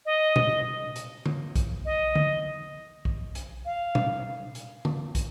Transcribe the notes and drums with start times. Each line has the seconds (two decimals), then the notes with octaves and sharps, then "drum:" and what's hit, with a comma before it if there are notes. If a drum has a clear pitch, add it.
0.06 D#5
0.36 drum: tom A#2
0.96 drum: hi-hat
1.26 drum: tom D3
1.56 drum: kick, hi-hat
1.85 D#5
2.15 drum: tom D3
3.05 drum: kick
3.35 drum: hi-hat
3.65 F5
3.95 drum: tom A#2
4.55 drum: hi-hat
4.85 drum: tom D3
5.15 drum: kick, hi-hat